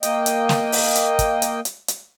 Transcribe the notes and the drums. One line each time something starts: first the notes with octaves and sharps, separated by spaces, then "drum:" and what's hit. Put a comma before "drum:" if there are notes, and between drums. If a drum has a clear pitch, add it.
A#3 D#5 G5, drum: hi-hat
drum: hi-hat
drum: snare
drum: open hi-hat
drum: hi-hat
drum: kick, hi-hat
drum: hi-hat
drum: hi-hat
drum: hi-hat